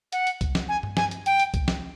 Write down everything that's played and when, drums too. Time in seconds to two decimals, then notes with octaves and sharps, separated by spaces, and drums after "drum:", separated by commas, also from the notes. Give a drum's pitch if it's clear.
0.12 F#5, drum: hi-hat
0.27 drum: hi-hat
0.41 drum: kick C2, hi-hat
0.55 drum: snare
0.68 G#5
0.83 drum: tom G2
0.97 G#5, drum: snare
1.11 drum: hi-hat
1.26 G5, drum: hi-hat
1.40 drum: hi-hat
1.54 drum: kick C2, hi-hat
1.68 drum: snare